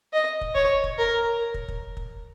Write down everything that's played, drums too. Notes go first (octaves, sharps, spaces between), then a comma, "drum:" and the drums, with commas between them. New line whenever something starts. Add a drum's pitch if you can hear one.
D#5
drum: kick
C#5, drum: kick
drum: kick
A#4
drum: kick
drum: kick
drum: kick